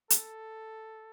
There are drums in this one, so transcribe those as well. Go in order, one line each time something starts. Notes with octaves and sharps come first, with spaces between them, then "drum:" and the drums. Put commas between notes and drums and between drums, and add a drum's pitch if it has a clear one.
A4, drum: hi-hat